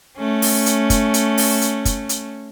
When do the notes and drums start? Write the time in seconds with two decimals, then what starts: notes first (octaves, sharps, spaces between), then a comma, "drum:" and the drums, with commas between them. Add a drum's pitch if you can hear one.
0.18 A3 C#4
0.42 drum: open hi-hat
0.66 drum: hi-hat
0.90 drum: kick, hi-hat
1.14 drum: hi-hat
1.38 drum: open hi-hat
1.61 drum: hi-hat
1.85 drum: kick, hi-hat
2.09 drum: hi-hat